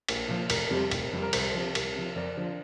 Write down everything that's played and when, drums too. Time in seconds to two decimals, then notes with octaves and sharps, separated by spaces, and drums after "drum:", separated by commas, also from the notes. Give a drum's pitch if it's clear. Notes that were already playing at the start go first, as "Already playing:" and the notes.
0.09 A#1, drum: cymbal
0.28 A#2 F3
0.50 F1 A#4, drum: cymbal
0.71 F2 C3 G3
0.91 F1, drum: cymbal
1.13 F2 C3 G3
1.22 A#4
1.33 C2 C5, drum: cymbal
1.54 C3 F3
1.75 C2, drum: cymbal
1.96 C3 F3
2.16 F2 A#4 D5
2.37 D3 F3